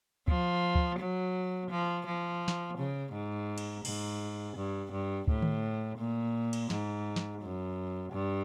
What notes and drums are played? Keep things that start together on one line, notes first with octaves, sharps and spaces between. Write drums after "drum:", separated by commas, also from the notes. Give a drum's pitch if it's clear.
F3, drum: kick
drum: kick
F#3
F3
F3
drum: snare
C#3
G#2
drum: cymbal
G#2, drum: cymbal
G2
G2
A2, drum: kick
drum: tom D3
A#2
drum: cymbal
G#2, drum: snare
drum: snare
F#2
G2